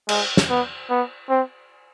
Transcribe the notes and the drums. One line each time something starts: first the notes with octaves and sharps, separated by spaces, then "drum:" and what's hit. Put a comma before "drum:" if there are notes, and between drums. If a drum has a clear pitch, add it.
G#3, drum: cymbal
drum: snare
B3
B3
C4